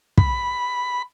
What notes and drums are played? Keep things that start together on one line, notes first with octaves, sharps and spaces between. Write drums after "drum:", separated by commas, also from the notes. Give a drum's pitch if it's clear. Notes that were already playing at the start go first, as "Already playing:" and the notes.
B5, drum: kick